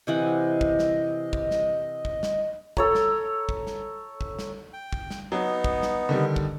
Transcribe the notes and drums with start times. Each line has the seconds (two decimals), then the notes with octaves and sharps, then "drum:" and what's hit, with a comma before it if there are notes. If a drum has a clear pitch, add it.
0.07 C3 E3 D#5 F#5
0.61 drum: kick
0.79 drum: snare
1.33 drum: kick
1.51 drum: snare
2.05 drum: kick
2.23 drum: snare
2.77 A4 C#5 A#5, drum: kick
2.95 drum: snare
3.49 drum: kick
3.67 drum: snare
4.21 drum: kick
4.39 drum: snare
4.73 G5
4.93 drum: kick
5.11 drum: snare
5.32 F#3 B3 D#4
5.64 drum: kick
5.82 drum: snare
6.09 D3 D#3 G3
6.36 drum: kick